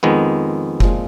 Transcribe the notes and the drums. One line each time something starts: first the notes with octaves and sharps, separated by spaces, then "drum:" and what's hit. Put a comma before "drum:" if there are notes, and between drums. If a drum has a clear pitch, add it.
F2 D#3 G#3 B3
A#2 F3 G#3, drum: kick F#1